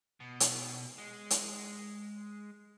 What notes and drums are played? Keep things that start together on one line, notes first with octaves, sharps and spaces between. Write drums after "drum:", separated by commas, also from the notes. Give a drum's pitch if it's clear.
B2
drum: hi-hat
G#3
drum: hi-hat